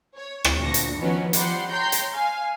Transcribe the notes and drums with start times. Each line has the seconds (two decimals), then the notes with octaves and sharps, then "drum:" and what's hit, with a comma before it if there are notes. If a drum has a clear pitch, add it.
0.16 C#5
0.44 drum: rim click
0.58 D2 A#2 D4 C#6 A#6 C#7
0.74 drum: hi-hat
0.99 D#3 F3 F#3 B3 C#4
1.33 F3 G3 F#5 C6, drum: hi-hat
1.71 C#5 G5 A#5 C6 G6
1.92 drum: hi-hat
2.13 F5 G#5